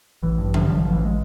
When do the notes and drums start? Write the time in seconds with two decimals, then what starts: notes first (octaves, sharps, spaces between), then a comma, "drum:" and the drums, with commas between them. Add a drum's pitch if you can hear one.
0.23 A1 E3
0.38 G2
0.54 D3, drum: tom F3
0.69 A1 F3
0.82 A1 F3
0.93 E3
1.05 G#3